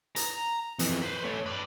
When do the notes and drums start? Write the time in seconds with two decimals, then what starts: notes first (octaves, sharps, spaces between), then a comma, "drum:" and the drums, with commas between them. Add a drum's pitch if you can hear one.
0.16 A#5, drum: hi-hat
0.79 F2 E3, drum: hi-hat
1.01 B4 C5
1.24 A3 C#4
1.46 B4 D5